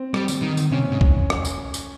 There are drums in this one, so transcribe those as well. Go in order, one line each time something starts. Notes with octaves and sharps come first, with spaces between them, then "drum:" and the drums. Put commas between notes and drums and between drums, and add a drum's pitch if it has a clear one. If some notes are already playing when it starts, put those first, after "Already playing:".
Already playing: C4
G3, drum: rim click
drum: tambourine
D#3
drum: tambourine
C3 C#4
G#2
drum: kick
drum: rim click
drum: tambourine
drum: tambourine